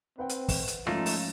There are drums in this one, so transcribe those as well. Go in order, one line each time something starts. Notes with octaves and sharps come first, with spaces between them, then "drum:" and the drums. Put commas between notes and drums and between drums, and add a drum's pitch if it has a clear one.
C4 B4 F#5 G5
drum: hi-hat
drum: kick, open hi-hat
drum: hi-hat
G#2 F3 A3 C#4 D#4 F4, drum: rim click
drum: open hi-hat